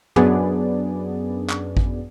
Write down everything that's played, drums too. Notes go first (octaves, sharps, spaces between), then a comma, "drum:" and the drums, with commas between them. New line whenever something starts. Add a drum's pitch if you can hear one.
F#2 B3 D4 G#4 D5, drum: tom
drum: clap
drum: kick G#1